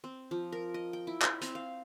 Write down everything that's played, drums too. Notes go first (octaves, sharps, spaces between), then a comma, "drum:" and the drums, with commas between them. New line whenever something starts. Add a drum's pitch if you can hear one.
C4
F3
A#4
D#5
G5
E4
drum: clap
C4, drum: hi-hat
F5